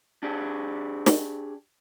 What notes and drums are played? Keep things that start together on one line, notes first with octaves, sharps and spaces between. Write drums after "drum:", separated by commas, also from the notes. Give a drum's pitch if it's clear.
D4 G4 G#4 D5
drum: snare